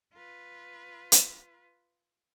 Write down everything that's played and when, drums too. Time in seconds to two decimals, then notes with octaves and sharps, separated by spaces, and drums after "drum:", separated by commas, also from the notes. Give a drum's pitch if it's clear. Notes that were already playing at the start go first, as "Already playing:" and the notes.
0.13 F4 B4
1.12 drum: hi-hat